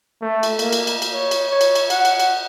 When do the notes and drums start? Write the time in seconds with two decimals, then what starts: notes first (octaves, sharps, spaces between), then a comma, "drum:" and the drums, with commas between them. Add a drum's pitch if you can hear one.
0.22 A3
0.43 drum: cymbal
0.59 A#3, drum: cymbal
0.72 drum: cymbal
0.87 drum: cymbal
1.02 drum: cymbal
1.14 C#5
1.31 drum: cymbal
1.51 C#5
1.61 drum: cymbal
1.75 drum: cymbal
1.90 F#5, drum: cymbal
2.05 drum: cymbal
2.20 drum: cymbal